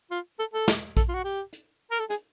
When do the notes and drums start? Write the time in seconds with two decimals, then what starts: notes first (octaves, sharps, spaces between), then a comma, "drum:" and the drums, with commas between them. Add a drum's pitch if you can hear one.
0.11 F4
0.39 A4
0.54 A4
0.68 drum: snare
0.97 A4, drum: kick A#1, hi-hat
1.09 F4
1.14 F#4
1.24 G4
1.53 drum: hi-hat
1.91 A#4
1.99 A4
2.10 G#4, drum: hi-hat